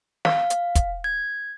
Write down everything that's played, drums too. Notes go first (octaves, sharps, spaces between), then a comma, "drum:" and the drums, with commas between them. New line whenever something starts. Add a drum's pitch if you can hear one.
F5, drum: snare
drum: hi-hat
drum: kick, hi-hat
G#6